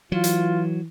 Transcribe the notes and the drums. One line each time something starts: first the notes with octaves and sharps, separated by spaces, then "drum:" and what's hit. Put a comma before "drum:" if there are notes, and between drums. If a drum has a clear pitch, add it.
E3 F#3 F4
drum: hi-hat